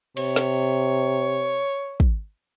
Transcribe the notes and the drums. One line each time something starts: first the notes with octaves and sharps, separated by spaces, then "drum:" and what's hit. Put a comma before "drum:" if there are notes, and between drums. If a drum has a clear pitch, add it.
C3 C#5, drum: cymbal
drum: snare
drum: kick